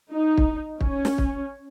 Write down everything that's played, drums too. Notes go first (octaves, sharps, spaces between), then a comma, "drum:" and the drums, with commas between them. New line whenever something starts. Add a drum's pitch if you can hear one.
D#4
drum: kick
C#4, drum: kick
drum: snare
drum: kick